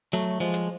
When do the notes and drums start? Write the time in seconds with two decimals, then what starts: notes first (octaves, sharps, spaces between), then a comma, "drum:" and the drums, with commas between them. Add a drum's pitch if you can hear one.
0.13 F#3 A3
0.40 F3 G#3
0.54 drum: hi-hat